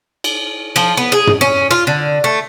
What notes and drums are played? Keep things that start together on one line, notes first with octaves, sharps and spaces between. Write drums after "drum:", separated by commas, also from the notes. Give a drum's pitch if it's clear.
drum: cymbal
F3, drum: cymbal
B3
G#4
drum: tom
C#4
F4
D3
A3